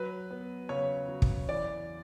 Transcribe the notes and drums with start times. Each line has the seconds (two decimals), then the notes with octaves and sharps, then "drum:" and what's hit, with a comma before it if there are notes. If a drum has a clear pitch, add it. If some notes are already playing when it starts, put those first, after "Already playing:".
Already playing: F#3 B4
0.31 B3
0.69 C#3 C#5
1.08 F#3
1.22 drum: kick
1.49 E2 D5